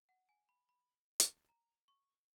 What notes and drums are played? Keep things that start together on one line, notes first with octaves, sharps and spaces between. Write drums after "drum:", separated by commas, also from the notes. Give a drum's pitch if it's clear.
F#5
G#5
B5
B5
drum: hi-hat
A#5
C#6